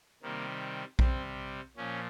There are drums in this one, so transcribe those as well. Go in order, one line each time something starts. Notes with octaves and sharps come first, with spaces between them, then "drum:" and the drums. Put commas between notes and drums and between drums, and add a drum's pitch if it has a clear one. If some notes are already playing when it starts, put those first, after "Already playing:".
C3 D#3 G3 A#3
C3 G3 C4, drum: kick A#1
A#2 F3 C#4